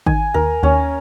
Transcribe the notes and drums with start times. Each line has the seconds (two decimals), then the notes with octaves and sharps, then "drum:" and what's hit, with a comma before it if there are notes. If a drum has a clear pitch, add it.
0.06 D#3 G#5, drum: kick G#1
0.34 D#2 A#4
0.63 D#2 C#4